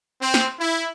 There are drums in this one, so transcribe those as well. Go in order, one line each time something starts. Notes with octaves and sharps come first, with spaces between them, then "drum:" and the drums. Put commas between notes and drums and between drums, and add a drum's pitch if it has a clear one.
C4
drum: snare
E4